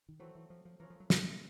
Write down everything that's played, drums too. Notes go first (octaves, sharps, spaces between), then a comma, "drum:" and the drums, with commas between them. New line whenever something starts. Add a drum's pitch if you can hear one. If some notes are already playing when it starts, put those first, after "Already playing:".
D#3
E3 F#3 A3 C4
E3
F3
F3
E3 A3 C#4 F4 A#4
F3
F#3
G#3, drum: snare